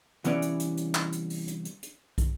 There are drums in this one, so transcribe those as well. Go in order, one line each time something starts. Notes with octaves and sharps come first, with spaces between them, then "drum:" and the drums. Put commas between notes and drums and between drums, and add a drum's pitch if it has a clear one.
C2 E3 B3 C#4 D5, drum: hi-hat
drum: hi-hat
drum: hi-hat
drum: hi-hat
drum: clap
drum: hi-hat
drum: open hi-hat
drum: hi-hat
drum: hi-hat
drum: hi-hat
drum: kick, hi-hat